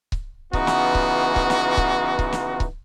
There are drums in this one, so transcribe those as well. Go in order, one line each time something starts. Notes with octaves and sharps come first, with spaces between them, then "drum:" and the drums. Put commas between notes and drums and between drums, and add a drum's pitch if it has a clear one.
drum: kick C#1
C#3 E3 B3 D#4 F4 F#4, drum: kick C#1
drum: snare
drum: kick C#1
drum: kick C#1
drum: snare
drum: kick C#1
drum: kick C#1
drum: snare
drum: kick C#1